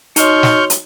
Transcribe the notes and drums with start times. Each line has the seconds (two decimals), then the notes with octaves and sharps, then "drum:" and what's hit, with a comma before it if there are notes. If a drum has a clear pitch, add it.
0.16 D#4 F#4 C#5 D#5 C6 C#6 F6 G6, drum: hi-hat
0.43 drum: snare
0.70 drum: hi-hat